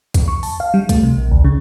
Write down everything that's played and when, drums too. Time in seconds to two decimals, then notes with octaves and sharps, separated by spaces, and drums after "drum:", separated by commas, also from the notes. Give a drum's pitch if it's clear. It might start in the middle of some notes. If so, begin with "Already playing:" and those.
0.14 F2, drum: kick, hi-hat
0.28 C#6
0.43 A5, drum: open hi-hat
0.60 F5
0.74 G3
0.89 A3, drum: kick, hi-hat
1.03 C3
1.17 A#1
1.32 D2
1.45 C#3